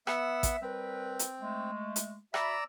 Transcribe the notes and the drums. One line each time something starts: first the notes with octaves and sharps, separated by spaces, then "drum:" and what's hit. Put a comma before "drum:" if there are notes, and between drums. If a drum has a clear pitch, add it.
B3 E5 F#5 E6, drum: rim click
drum: kick A1, hi-hat
G3 C4 A#4 B4
drum: hi-hat
G#3 A3
drum: hi-hat
F#4 D5 E5 A#5 B5 E6, drum: rim click